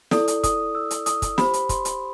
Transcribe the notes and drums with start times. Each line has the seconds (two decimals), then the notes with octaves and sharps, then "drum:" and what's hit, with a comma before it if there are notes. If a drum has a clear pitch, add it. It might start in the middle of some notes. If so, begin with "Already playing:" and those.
0.11 E4 A4 D5 D#6, drum: snare
0.28 drum: hi-hat
0.44 D#6, drum: kick, hi-hat
0.75 E6
0.91 drum: hi-hat
1.06 D#6, drum: hi-hat
1.22 drum: kick, hi-hat
1.38 G4 C5 B5, drum: snare
1.54 drum: hi-hat
1.69 C6, drum: kick, hi-hat
1.85 drum: hi-hat